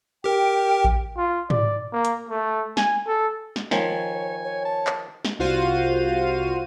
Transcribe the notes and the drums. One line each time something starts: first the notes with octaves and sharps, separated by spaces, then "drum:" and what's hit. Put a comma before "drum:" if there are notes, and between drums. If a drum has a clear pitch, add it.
G4 A#4 G5
drum: kick A#1
F4
D5, drum: tom G#2
A#3
drum: hi-hat
A3
G#5, drum: snare
A4
drum: snare
D#3 F3 C#5 G#5, drum: snare
C#5
A5
drum: clap
drum: snare
C2 F4 F#4 C5 F5 D#7